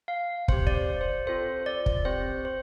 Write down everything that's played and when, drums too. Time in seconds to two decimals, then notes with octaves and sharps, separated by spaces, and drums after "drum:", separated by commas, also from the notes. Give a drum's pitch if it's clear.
0.08 F5
0.48 C4 G4 C5, drum: kick
0.67 D5, drum: kick
0.74 C5
1.01 C5
1.27 C4 F4 A4 C5
1.66 D5
1.86 drum: kick
2.05 C4 G4 C5
2.45 C5